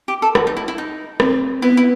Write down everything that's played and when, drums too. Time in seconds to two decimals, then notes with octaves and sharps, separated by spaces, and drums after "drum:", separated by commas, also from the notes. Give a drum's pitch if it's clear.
0.08 G4
0.22 A4
0.35 F#4, drum: rim click
0.47 D#4
0.57 E4
0.68 E4
0.78 D#4
1.20 C4, drum: rim click
1.62 B3 E4
1.77 E4